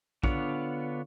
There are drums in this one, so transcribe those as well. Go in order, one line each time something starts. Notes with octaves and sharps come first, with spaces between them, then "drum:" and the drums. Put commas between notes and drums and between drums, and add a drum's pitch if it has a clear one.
D3 B3 D4 F4 C#5, drum: kick